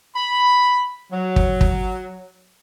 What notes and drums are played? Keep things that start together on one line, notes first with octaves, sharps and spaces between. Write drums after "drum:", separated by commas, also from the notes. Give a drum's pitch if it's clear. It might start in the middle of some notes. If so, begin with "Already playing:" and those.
B5
F#3
drum: kick
drum: kick